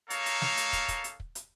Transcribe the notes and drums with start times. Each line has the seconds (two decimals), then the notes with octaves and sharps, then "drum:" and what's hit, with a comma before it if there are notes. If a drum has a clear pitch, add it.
0.10 A#3 D#4 A4 C#5 F5 A#5, drum: hi-hat
0.26 drum: hi-hat
0.42 drum: snare
0.57 drum: hi-hat
0.73 drum: kick, hi-hat
0.88 drum: kick, hi-hat
1.04 drum: hi-hat
1.20 drum: kick
1.35 drum: hi-hat